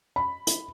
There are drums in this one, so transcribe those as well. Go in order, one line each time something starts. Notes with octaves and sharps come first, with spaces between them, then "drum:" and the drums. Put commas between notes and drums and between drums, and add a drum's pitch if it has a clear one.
B5
drum: hi-hat